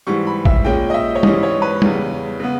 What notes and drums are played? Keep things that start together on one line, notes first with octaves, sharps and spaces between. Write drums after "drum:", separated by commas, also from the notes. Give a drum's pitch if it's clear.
G#2 E3 G3 C#6
B5
E5, drum: kick A1
A#2 G#3 C#4 G5
D#5
E5
C#5
G#2 E3 G3 C#4 D#5, drum: tom G3
C#5
B4
E2 C#3 G3, drum: tom G3
C#3 G#3 B3